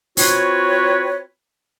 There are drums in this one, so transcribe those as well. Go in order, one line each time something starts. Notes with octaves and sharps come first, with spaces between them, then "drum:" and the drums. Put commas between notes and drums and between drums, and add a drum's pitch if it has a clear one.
C4 F4 F#4 B4 C#5, drum: open hi-hat